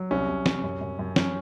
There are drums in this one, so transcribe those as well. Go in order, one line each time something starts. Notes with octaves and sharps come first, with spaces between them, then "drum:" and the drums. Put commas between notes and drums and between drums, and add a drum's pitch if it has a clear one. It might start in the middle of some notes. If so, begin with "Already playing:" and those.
Already playing: F#3
C2 C#4
C2
C2, drum: snare
F#2
F#2
F#2
F#3 C#4, drum: snare